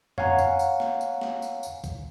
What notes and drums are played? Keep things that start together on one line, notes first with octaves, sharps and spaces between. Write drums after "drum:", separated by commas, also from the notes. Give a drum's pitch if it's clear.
C#5 F5 F#5 G#5 A#5, drum: tom F2
drum: tambourine
drum: tambourine
drum: snare
drum: tambourine
drum: snare
drum: tambourine
drum: tambourine
drum: kick, tambourine